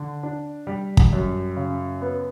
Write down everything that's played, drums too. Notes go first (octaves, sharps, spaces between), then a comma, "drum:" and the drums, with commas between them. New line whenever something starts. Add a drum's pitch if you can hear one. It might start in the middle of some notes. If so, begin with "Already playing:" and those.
Already playing: D3
D4
G3
drum: kick
F#2
C#3
B3